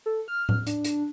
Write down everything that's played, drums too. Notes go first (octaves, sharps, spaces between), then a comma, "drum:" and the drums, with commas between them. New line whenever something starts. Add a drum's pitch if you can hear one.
A4
F6
drum: tom A2
D4, drum: hi-hat
drum: hi-hat